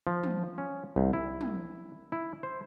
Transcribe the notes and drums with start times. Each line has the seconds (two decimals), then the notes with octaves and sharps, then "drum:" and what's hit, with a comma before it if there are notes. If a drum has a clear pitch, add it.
0.07 F3
0.23 drum: tom
0.58 C#4
0.96 C2
1.13 E4
1.41 drum: tom
2.12 E4
2.43 C5